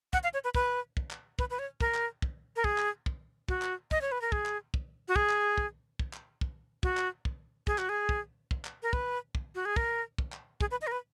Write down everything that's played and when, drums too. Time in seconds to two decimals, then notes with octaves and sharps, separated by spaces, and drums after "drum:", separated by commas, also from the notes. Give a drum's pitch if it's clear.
0.13 F#5, drum: kick
0.23 F5
0.34 C#5
0.44 B4
0.55 B4, drum: kick
0.97 drum: kick
1.11 drum: clap
1.39 B4, drum: kick
1.50 B4
1.59 C#5
1.81 A#4, drum: kick
1.94 drum: clap
2.22 drum: kick
2.56 A#4
2.64 G#4, drum: kick
2.78 drum: clap
3.06 drum: kick
3.48 F#4, drum: kick
3.62 drum: clap
3.91 D#5, drum: kick
4.01 C#5
4.12 B4
4.22 A#4
4.32 G#4, drum: kick
4.46 drum: clap
4.74 drum: kick
5.08 F#4
5.16 G#4, drum: kick
5.30 drum: clap
5.58 drum: kick
5.99 drum: kick
6.13 drum: clap
6.41 drum: kick
6.83 F#4, drum: kick
6.97 drum: clap
7.25 drum: kick
7.67 G#4, drum: kick
7.78 F#4, drum: clap
7.89 G#4
8.09 drum: kick
8.51 drum: kick
8.65 drum: clap
8.83 A#4
8.93 B4, drum: kick
9.35 drum: kick
9.55 F#4
9.65 G#4
9.76 A#4, drum: kick
10.18 drum: kick
10.32 drum: clap
10.61 G#4, drum: kick
10.71 B4
10.81 D#5
10.87 A#4
10.92 B4